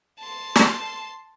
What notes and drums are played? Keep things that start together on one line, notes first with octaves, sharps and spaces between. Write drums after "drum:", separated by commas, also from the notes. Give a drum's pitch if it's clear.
A5 C6
drum: snare